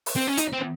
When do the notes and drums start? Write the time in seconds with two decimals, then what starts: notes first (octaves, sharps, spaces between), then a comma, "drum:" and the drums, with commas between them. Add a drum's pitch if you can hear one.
0.06 drum: open hi-hat
0.16 C4
0.27 C#4
0.37 D#4, drum: hi-hat
0.53 C4